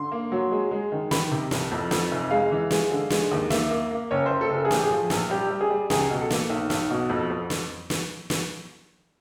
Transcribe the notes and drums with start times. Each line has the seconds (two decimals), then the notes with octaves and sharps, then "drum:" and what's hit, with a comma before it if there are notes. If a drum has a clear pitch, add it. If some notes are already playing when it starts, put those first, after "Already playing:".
Already playing: D3 C6
0.12 A#3
0.32 F#3
0.52 G#3
0.71 G#3
0.92 D#3
1.11 D#3 B5, drum: snare
1.31 C3
1.51 C2, drum: snare
1.71 F2
1.91 F2, drum: snare
2.11 F1
2.31 G#3 F5
2.51 E3
2.71 G#3, drum: snare
2.91 D3
3.10 G#3, drum: snare
3.31 D#2
3.50 A#3 E5, drum: snare
3.71 A#3
3.91 A#3
4.11 F#1 C#5
4.26 F#1 C5
4.41 A4
4.50 F#1
4.56 A4
4.65 G#4
4.71 A2 G4, drum: snare
4.84 G#4
4.91 F3
5.10 A#1, drum: snare
5.30 G3 G4
5.51 G3
5.61 G#4
5.70 G3
5.90 C#2 G#4, drum: snare
6.11 B2
6.20 A4
6.30 A#3, drum: snare
6.50 B1
6.70 B1, drum: snare
6.90 B2
7.10 F2
7.30 F2
7.50 drum: snare
7.90 drum: snare
8.30 drum: snare